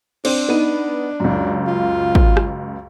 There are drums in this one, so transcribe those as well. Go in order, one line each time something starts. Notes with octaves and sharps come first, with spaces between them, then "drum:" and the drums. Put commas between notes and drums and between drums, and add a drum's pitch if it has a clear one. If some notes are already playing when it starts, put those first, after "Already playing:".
C4 D4, drum: cymbal
B3 D#4 D#7
C#2 F#2
F4
drum: kick
drum: rim click